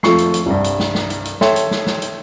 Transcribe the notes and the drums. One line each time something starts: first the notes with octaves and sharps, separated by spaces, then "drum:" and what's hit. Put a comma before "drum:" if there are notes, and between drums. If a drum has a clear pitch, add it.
F2 A3 F4 C#6 C7, drum: snare
drum: hi-hat
drum: hi-hat
C2 G2
drum: hi-hat
drum: snare
drum: snare
drum: hi-hat
drum: hi-hat
A4 C#5 E5 G5 C6, drum: snare
drum: hi-hat
drum: snare
drum: snare
drum: hi-hat